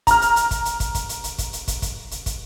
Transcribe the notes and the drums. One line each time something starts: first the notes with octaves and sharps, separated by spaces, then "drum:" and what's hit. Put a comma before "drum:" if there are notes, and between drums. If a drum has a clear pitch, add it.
A#5 F6, drum: kick, hi-hat
drum: hi-hat
drum: hi-hat
drum: kick, hi-hat
drum: hi-hat
drum: kick, hi-hat
drum: kick, hi-hat
drum: hi-hat
drum: hi-hat
drum: kick, hi-hat
drum: hi-hat
drum: kick, hi-hat
drum: kick, hi-hat
drum: hi-hat
drum: kick, hi-hat